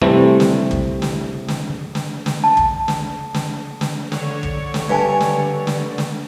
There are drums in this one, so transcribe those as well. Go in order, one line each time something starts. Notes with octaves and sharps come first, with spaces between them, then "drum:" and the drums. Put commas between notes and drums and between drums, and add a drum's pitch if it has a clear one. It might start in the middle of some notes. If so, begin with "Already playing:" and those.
C3 E3 G3 A3 C4
drum: snare
drum: kick
drum: snare
drum: snare
drum: snare
drum: snare
A5
drum: kick
drum: snare
drum: snare
drum: snare
D3 C#5, drum: snare
drum: kick
drum: snare
G2 D5 G#5 A5
drum: snare
drum: snare
drum: snare